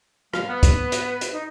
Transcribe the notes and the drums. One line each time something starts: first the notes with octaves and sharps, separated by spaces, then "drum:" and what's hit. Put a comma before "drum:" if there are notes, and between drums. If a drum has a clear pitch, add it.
A#2 G#3 F5, drum: rim click
B3 B4
drum: kick, hi-hat
drum: hi-hat
drum: hi-hat
D#4